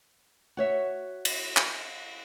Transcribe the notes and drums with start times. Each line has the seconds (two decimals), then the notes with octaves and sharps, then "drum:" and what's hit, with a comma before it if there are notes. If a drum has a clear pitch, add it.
0.57 F#4 C#5 E5
1.25 drum: cymbal
1.57 drum: clap